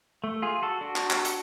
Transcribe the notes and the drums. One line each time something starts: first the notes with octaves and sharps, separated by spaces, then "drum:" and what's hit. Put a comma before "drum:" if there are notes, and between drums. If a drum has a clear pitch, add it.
A3
F4 G#4
F#4 A4
D4 F#4
drum: clap
drum: clap
drum: hi-hat